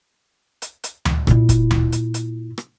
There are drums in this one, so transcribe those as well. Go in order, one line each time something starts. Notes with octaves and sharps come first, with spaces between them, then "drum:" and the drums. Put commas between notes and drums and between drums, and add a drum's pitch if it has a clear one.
drum: hi-hat
drum: hi-hat
drum: tom D2
A#2 E4, drum: rim click
drum: kick, hi-hat
drum: tom D2
drum: hi-hat
drum: hi-hat
drum: rim click